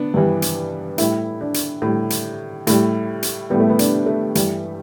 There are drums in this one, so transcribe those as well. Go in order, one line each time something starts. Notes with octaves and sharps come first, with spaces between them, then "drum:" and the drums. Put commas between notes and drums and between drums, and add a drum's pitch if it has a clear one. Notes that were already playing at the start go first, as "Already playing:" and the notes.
Already playing: B3 D4
G2 E3 G3
drum: hi-hat
A2 G3 E4, drum: hi-hat
D4
drum: hi-hat
A2 G3
drum: hi-hat
A2 G3, drum: hi-hat
drum: hi-hat
A2 G3 B3
A3
B3
D4, drum: hi-hat
A3
G2 E3 G3, drum: hi-hat